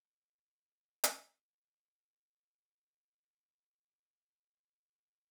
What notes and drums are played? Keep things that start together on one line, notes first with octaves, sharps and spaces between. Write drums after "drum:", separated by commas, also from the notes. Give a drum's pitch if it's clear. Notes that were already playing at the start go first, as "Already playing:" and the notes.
C#3 G#3 B4
drum: hi-hat
B5
D6
F6
C6
C4